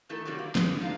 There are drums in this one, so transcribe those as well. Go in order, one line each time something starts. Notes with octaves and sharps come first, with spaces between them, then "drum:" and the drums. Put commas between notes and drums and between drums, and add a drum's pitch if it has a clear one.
D#3 A3 E4 A4 A#4
C3 E3 F#3 G3 A3
A#3
D3 G#3 G4 B4, drum: snare
D4 D#4 F4 D#5 F5